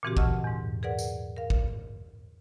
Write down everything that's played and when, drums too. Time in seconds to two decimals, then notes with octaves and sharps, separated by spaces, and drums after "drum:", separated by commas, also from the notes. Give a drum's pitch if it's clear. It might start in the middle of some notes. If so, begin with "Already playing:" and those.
0.03 A#2 C#3 E3 C4 F#4 G4
0.17 D#5 F#5 A5 C#6 E6 F6, drum: kick
0.44 E2 G#2
0.83 G#4 A#4 B4 D5 F#5
0.99 drum: tambourine
1.37 A#4 F5
1.50 drum: kick